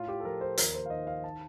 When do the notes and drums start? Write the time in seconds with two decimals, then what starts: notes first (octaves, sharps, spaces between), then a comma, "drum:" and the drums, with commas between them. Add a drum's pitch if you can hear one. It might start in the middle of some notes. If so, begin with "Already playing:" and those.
Already playing: A2 F4
0.08 G4
0.20 A4
0.25 F3 A#4
0.41 C5
0.58 D#2 A#4, drum: hi-hat
0.75 C5
0.86 F5
0.90 D#3 D#5
1.07 F5
1.24 A5